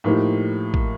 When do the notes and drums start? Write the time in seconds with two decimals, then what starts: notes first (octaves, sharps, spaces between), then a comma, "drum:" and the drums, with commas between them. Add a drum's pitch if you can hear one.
0.04 A2 F3 A#3 D#4 G4
0.74 drum: kick